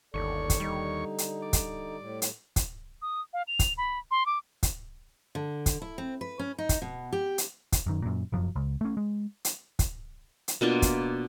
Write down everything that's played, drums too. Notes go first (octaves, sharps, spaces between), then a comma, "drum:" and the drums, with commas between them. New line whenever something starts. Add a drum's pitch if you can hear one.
G1 D#2 A4 C#5 D5 C#6
drum: kick, hi-hat
D3 G3 D#4
drum: hi-hat
D5
drum: kick, hi-hat
A2
drum: hi-hat
drum: kick, hi-hat
D#6
F5
F7
drum: kick, hi-hat
B5
C6
D6
drum: kick, hi-hat
D3
drum: kick, hi-hat
E4
C4
B4
C#4
D#4
drum: kick, hi-hat
B2
G4
drum: hi-hat
drum: kick, hi-hat
F#2 D#3
F#2 A#2
F1 F#2 F3 F#3
C#2
A3 C#4
G#3
drum: hi-hat
drum: kick, hi-hat
drum: hi-hat
B2 A#3 D4 F4
drum: kick, hi-hat